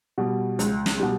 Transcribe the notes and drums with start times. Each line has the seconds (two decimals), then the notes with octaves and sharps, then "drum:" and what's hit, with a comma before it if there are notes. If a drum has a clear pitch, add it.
0.18 B2 G3
0.59 C#2, drum: hi-hat
0.86 drum: snare
1.00 B2 G3